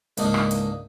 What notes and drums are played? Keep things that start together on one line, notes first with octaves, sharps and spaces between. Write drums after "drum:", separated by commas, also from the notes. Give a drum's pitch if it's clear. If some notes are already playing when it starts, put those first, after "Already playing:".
C#2 G#2 A#3 D4 D#4 D#5, drum: hi-hat
drum: rim click
drum: hi-hat